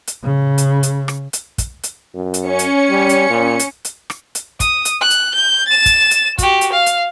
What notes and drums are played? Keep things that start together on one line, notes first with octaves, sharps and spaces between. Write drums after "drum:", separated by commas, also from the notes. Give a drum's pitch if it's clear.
drum: hi-hat
C#3
drum: hi-hat
drum: hi-hat
drum: rim click
drum: hi-hat
drum: kick, hi-hat
drum: hi-hat
F#2
drum: hi-hat
C#4 C#7
drum: hi-hat
G3
drum: hi-hat
A#2
drum: hi-hat
drum: hi-hat
drum: rim click
drum: hi-hat
D#6, drum: kick, hi-hat
drum: hi-hat
F#6
drum: hi-hat
G6
A6 E7
drum: kick, hi-hat
drum: hi-hat
F#4 G4, drum: kick, hi-hat
drum: hi-hat
F5
drum: hi-hat